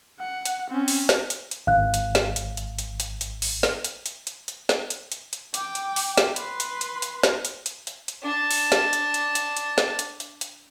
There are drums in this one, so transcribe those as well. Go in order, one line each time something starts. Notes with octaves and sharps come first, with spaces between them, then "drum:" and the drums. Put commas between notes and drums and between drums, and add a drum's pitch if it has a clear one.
F#5
drum: hi-hat
C4 C#4
drum: open hi-hat
drum: snare
drum: hi-hat
drum: hi-hat
G#1 F5 F#6
drum: hi-hat
drum: snare
drum: hi-hat
drum: hi-hat
drum: hi-hat
drum: hi-hat
drum: hi-hat
drum: open hi-hat
drum: snare
drum: hi-hat
drum: hi-hat
drum: hi-hat
drum: hi-hat
drum: snare
drum: hi-hat
drum: hi-hat
drum: hi-hat
G5 D6, drum: hi-hat
drum: hi-hat
drum: open hi-hat
drum: snare
B4 C6, drum: hi-hat
drum: hi-hat
drum: hi-hat
drum: hi-hat
drum: snare
drum: hi-hat
drum: hi-hat
drum: hi-hat
drum: hi-hat
D4 A5
drum: open hi-hat
drum: snare
drum: hi-hat
drum: hi-hat
drum: hi-hat
drum: hi-hat
drum: snare
drum: hi-hat
drum: hi-hat
drum: hi-hat